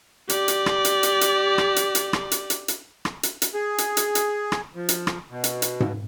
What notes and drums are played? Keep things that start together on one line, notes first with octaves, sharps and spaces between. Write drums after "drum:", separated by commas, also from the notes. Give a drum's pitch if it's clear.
G4 D5, drum: hi-hat
drum: hi-hat
drum: rim click
drum: hi-hat
drum: hi-hat
drum: hi-hat
drum: rim click
drum: hi-hat
drum: hi-hat
drum: rim click
drum: hi-hat
drum: hi-hat
drum: hi-hat
drum: rim click
drum: hi-hat
drum: hi-hat
G#4
drum: hi-hat
drum: hi-hat
drum: hi-hat
drum: rim click
F3
drum: hi-hat
drum: rim click
B2
drum: hi-hat
drum: hi-hat
drum: tom G#2